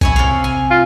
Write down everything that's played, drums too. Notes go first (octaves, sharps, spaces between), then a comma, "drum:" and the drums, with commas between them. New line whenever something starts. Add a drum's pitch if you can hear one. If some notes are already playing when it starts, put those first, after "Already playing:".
E4 C#5 G#5, drum: kick
C3 F5
G#5
F4